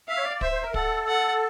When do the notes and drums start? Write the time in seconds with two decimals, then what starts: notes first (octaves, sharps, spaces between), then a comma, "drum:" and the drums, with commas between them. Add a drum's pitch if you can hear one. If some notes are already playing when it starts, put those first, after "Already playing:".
0.08 E5 F5
0.17 C#5
0.25 D5
0.41 C5 E5, drum: kick
0.52 C5
0.63 A#4
0.74 A4 F#5, drum: kick
1.07 F#5